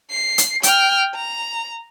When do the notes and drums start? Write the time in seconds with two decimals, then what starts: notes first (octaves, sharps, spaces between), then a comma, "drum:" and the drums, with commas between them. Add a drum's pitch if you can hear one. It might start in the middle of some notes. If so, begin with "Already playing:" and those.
0.11 C7
0.38 drum: hi-hat
0.63 G5 F6, drum: hi-hat
1.15 A#5